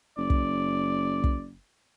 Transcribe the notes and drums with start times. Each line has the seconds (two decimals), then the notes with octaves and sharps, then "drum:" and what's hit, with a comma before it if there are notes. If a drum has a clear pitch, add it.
0.17 F#1 D5
0.30 drum: kick
1.24 drum: kick